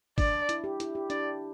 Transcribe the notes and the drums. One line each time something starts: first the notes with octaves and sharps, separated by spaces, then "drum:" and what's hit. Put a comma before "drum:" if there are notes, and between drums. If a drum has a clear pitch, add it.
D4 D5, drum: kick G1, open hi-hat
E4, drum: hi-hat
G4
E4, drum: hi-hat
G4
D4 D5, drum: hi-hat